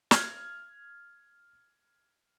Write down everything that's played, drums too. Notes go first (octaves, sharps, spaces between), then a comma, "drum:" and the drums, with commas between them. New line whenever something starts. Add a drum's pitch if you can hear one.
F6 G#6, drum: snare